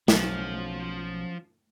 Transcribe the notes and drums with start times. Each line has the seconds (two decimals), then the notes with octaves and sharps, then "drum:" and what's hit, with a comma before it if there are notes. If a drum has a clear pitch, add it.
0.08 B1 F3 F#3 C#4 E5, drum: snare